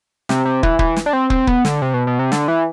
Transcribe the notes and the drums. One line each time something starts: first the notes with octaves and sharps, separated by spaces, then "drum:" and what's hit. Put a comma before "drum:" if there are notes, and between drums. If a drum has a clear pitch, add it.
C3, drum: snare
C3
E3, drum: kick
E3, drum: kick
drum: snare
D4
C4
C4, drum: kick
B3, drum: kick
D3, drum: snare
C3
B2
B2
C3
D3, drum: snare
E3